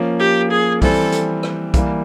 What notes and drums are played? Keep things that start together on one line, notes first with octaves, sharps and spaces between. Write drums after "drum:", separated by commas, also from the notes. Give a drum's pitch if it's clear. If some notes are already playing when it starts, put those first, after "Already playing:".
Already playing: F3 A#3 C#4
G4
G#4
E3 G3 C4 A4, drum: kick, open hi-hat
drum: hi-hat
drum: rim click
E3 G3 A#3, drum: kick, hi-hat